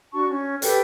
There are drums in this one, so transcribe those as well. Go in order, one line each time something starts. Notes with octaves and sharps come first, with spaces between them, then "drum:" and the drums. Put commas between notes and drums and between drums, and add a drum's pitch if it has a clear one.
D4 F#4 A5 C#6
C#4
G4 A4 B4 G5, drum: hi-hat